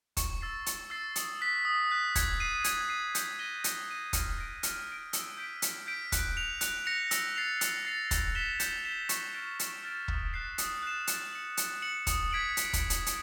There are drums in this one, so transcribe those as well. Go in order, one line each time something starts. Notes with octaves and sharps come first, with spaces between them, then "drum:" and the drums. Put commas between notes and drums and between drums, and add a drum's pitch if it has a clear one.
C#6, drum: kick, hi-hat
E6 A6 C7
C#6, drum: hi-hat
E6 A6 C7
D#6, drum: hi-hat
F#6 B6
D#6
F#6 B6
G#6, drum: kick, hi-hat
C7 D#7
G#6, drum: hi-hat
C7 D#7
G6, drum: hi-hat
A#6 D#7 G7
G6, drum: hi-hat
A#6 D#7 G7
F6, drum: kick, hi-hat
A#6 D7
F6, drum: hi-hat
A#6 D7
E6, drum: hi-hat
G6 B6 D7
E6, drum: hi-hat
G6 B6 D7
F#6, drum: kick, hi-hat
A#6 C#7 F7
F#6, drum: hi-hat
A#6 C#7 F7
E6, drum: hi-hat
A6 C7 F7
E6, drum: hi-hat
A6 C7 F7
G6, drum: kick, hi-hat
B6 E7 G7
G6, drum: hi-hat
B6 E7 G7
C#6, drum: hi-hat
F6 A6 D7
C#6, drum: hi-hat
F6 A6 D7
D#6, drum: kick
F#6 A6 C7 E7
D#6, drum: hi-hat
F#6 A6 C7 E7
A6, drum: hi-hat
C#7 F#7
A6, drum: hi-hat
C#7 F#7
D#6, drum: kick, hi-hat
G#6 B6 D7 F#7
drum: hi-hat
drum: kick, hi-hat
drum: hi-hat
drum: hi-hat